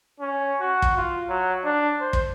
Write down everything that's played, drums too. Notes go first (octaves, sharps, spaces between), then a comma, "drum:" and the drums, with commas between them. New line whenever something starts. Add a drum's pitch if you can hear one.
C#4
F#4
drum: kick
F4
F#3
D4
C5
drum: kick